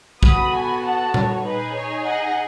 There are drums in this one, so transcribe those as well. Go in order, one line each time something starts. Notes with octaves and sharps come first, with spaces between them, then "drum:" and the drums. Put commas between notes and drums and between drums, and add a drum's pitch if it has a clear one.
B3 F#4 A4 B5 D#6, drum: kick
G#5 B5
F#5 A5
C#5, drum: tom A#2
D#4 G#4 B4
C#5
D#5 F#5